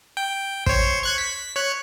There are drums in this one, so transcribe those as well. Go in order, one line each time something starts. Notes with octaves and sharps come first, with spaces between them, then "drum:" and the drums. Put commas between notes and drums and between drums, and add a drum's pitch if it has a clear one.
G5
C5 C#5, drum: kick
C#6 F#6 G#6
B6
C#5 F#6